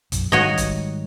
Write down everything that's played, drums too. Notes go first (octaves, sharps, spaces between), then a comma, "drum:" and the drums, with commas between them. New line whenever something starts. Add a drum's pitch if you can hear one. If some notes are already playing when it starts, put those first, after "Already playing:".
B1 F#2, drum: hi-hat
G#2 D#3 G3 F#4 C#5 D#5
drum: kick F1, hi-hat